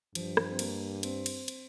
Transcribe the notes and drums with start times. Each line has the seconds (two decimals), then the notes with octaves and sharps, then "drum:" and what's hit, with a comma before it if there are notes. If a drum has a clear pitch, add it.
0.15 G2 F3, drum: cymbal
0.37 F3, drum: rim click
0.51 C4
0.59 A#3, drum: cymbal
1.03 C4, drum: cymbal
1.26 drum: cymbal
1.48 drum: cymbal